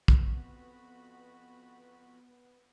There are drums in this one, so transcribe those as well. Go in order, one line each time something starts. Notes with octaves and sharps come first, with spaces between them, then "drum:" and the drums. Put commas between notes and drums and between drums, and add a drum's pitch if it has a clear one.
F2 B3 F#4 B5, drum: kick